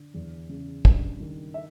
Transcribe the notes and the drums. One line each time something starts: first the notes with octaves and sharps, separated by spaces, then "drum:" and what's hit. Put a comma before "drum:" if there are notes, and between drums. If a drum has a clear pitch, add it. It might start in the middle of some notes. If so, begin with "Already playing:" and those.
Already playing: D3
E2
C#3
G2, drum: kick
D#3
E5